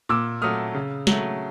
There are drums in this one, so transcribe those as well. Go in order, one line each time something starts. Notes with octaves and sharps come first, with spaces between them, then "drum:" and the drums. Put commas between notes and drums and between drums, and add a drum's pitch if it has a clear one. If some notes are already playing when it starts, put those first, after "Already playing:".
A#2 D6 E6
F#3 A3 D#6 F6
C#3
F#3 A3, drum: snare